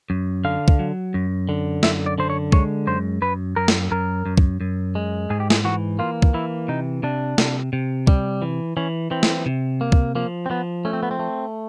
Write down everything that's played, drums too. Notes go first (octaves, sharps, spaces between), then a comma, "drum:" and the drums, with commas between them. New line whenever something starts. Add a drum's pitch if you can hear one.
F#2
D3 F5
drum: kick
F#3
F#2
D3
F#2 E5, drum: snare
D5
D3 C5
C#5
G#3 C#5, drum: kick
F#2 C5
F#2 B4
F#2 A#4
drum: snare
F#2 A#4
F#2
drum: kick
F#2
G#3
G#2 G#4
G4
G#4, drum: snare
E3 F#4
A#3 F4
drum: kick
E3 E4
C3 D#4
C3 D4
C3, drum: snare
C3
G3, drum: kick
E3
E3 C#4
E3 C4
drum: snare
C3
A#3
drum: kick
F3 A#3
C4
F3 B3
A3 C#4
C4
B3
C4
A3